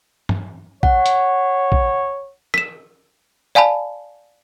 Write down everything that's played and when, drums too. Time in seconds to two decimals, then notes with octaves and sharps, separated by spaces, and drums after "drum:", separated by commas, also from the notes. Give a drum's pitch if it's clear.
0.29 drum: tom
0.83 C#5 F#5, drum: kick
1.06 drum: hi-hat
1.72 drum: kick
2.54 B6 E7, drum: rim click
3.55 D5 F5 G#5 A5 B5